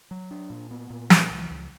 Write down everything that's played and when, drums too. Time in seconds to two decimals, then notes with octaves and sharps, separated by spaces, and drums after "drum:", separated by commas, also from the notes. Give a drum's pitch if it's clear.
0.11 F#3
0.31 D4
0.50 A#2
0.71 B3
0.90 A#2
1.10 E3, drum: snare
1.30 C#2
1.51 C#2